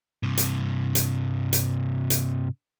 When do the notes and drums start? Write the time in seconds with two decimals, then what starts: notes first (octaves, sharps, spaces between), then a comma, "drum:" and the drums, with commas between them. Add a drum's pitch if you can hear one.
0.23 G2 C3
0.37 drum: hi-hat
0.95 drum: hi-hat
1.53 drum: hi-hat
2.10 drum: hi-hat